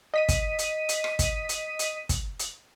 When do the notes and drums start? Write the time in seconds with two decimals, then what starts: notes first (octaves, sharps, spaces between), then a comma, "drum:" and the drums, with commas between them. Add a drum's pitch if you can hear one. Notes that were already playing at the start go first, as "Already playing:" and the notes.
0.14 D#5 B6 D#7
0.29 drum: kick, hi-hat
0.59 drum: hi-hat
0.89 drum: hi-hat
1.04 drum: rim click
1.19 drum: kick, hi-hat
1.49 drum: hi-hat
1.79 drum: hi-hat
2.09 drum: kick, hi-hat
2.40 drum: hi-hat